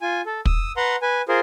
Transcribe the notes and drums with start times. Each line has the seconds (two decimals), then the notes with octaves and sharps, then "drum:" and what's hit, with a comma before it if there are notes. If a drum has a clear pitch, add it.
0.01 F4 G#5
0.26 A4
0.45 D#6 E6, drum: kick
0.77 B4 F#5 A#5 C6
1.02 B4 G#5
1.28 F4 G#4 A#4 C5